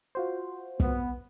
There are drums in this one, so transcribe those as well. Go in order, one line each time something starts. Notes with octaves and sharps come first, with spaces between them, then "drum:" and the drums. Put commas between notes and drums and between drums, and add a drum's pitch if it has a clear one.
F4 F#4 C5
B3, drum: kick